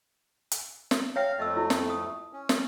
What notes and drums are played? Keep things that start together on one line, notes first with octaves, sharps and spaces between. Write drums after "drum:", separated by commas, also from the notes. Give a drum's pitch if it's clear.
drum: hi-hat
drum: snare
C#5 E5 F5 G5
F2 A3 D#5 E6
E4
drum: snare
D#6
C#4
drum: snare